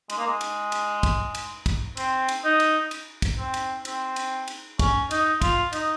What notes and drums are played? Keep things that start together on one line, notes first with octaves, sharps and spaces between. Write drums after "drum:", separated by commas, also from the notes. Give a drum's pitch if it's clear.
G#3, drum: cymbal
A#3
G#3
drum: cymbal
drum: cymbal
drum: kick, cymbal
drum: cymbal
drum: kick, cymbal
C4, drum: cymbal
drum: cymbal
D#4
drum: cymbal
drum: cymbal
drum: kick, cymbal
C4
drum: cymbal
C4, drum: cymbal
drum: cymbal
drum: cymbal
C#4, drum: kick, cymbal
D#4, drum: cymbal
F4, drum: kick, cymbal
D#4, drum: cymbal